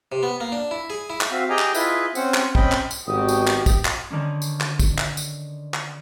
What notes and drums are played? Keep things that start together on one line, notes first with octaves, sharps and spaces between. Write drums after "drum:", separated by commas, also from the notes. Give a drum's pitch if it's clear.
C3
B3
A#3
D4
E4
G#4
E4
drum: clap
C4 F#4 E5 F5
G4 G#4 D#5 G5 G#5 A#5
drum: clap
E4 F4 G#4 B4 D#5 E5, drum: tambourine
C4 C#4 C5 F#5, drum: tambourine
drum: clap
C4 C#4 D#5 G5 B5, drum: kick
drum: clap
drum: tambourine
G#1 B2 F#4 G4 D#6
drum: tambourine
drum: clap
drum: kick, tambourine
drum: clap
D3 D#3 C#4 D4
drum: tambourine
drum: clap
drum: kick, tambourine
drum: clap
drum: tambourine
drum: clap